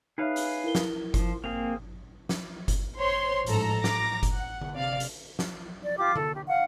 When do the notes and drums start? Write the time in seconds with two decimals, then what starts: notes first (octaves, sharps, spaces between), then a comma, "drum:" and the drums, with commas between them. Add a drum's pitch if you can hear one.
0.18 D#4 G#4 B4 C#5 E5 F5
0.36 drum: hi-hat
0.64 E4 A#4 G7
0.75 drum: snare
1.14 F3, drum: kick F#1, hi-hat
1.44 A#3 C4 G#4 F7
2.29 drum: snare
2.68 drum: kick F#1, hi-hat
2.99 C5 C#5 C6
3.46 A1 G#2 F3 A4 A#5, drum: hi-hat
3.84 A#5 D6 A#6, drum: snare
4.23 drum: kick F#1, hi-hat
4.32 F#5
4.61 drum: tom D3
4.74 C3 D5 F5
5.00 drum: hi-hat
5.39 drum: snare
5.84 D5
5.98 F4 G4 D6
6.16 A4, drum: tom D3
6.33 G4
6.47 F5 F#5